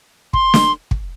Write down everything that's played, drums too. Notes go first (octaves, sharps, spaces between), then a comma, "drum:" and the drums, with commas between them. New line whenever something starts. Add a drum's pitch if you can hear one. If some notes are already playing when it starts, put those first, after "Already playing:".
C6, drum: kick
drum: snare
drum: kick